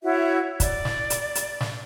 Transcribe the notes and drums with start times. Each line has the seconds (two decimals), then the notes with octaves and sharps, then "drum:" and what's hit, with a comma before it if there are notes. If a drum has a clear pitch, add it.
0.04 E4 F#4 C#5 E5
0.60 D5, drum: kick, hi-hat
0.85 drum: snare
1.10 drum: hi-hat
1.35 drum: hi-hat
1.61 drum: snare